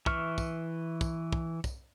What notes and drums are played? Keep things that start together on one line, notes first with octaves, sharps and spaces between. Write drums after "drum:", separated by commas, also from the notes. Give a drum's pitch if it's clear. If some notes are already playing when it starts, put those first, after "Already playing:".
E3 E5 C#6 F6, drum: kick
drum: kick, tambourine
drum: kick, tambourine
drum: kick
drum: kick, tambourine